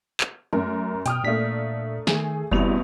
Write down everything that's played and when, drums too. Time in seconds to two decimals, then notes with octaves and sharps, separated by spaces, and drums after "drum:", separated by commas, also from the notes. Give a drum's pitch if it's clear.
0.20 drum: clap
0.53 F#2 A3 A#4, drum: tom
1.06 B2 G5 D#6 F6, drum: hi-hat
1.24 A#2 A3 A#3 D4 B6
2.07 D#3 A3 G#4, drum: snare
2.52 A1 B2 G3 C4 E4 F7, drum: kick F#1